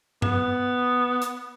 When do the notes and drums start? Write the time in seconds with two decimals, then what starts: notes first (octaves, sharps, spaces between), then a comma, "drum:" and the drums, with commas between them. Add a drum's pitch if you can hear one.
0.22 B3, drum: tom G2
1.22 drum: hi-hat